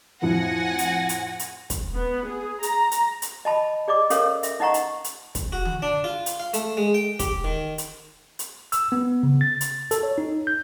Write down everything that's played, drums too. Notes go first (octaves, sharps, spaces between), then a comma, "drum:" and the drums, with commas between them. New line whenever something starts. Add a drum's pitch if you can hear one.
F2 A2 F3 F#5 G#5 A#6
drum: hi-hat
drum: hi-hat
drum: hi-hat
drum: kick, hi-hat
B3
G#4
A#5, drum: hi-hat
drum: hi-hat
drum: hi-hat
D#5 A5 B5
G#4 D5 D#5 D6
C#4 A4 A#4 C#5 F5 E6, drum: hi-hat
E5, drum: hi-hat
D#4 D#5 F#5 A#5 C#6
drum: hi-hat
drum: hi-hat
drum: kick, hi-hat
F#4
drum: tom D3
D4
F4
drum: hi-hat
F5
A3, drum: hi-hat
G#3
G5
G4, drum: kick, hi-hat
D#3
drum: hi-hat
drum: hi-hat
E6, drum: hi-hat
B3
C#3
A6
drum: hi-hat
A4, drum: hi-hat
C#5
D#4
G6